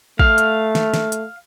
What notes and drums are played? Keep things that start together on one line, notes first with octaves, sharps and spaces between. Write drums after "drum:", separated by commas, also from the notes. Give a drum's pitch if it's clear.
A3 F5, drum: kick
drum: hi-hat
drum: snare
drum: snare
drum: hi-hat